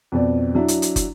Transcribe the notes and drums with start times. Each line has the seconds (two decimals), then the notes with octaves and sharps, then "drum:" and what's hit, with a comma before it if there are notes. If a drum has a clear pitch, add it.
0.12 F2 B2 D5
0.55 F#3 D4 E4
0.68 drum: hi-hat
0.82 drum: hi-hat
0.96 drum: kick, hi-hat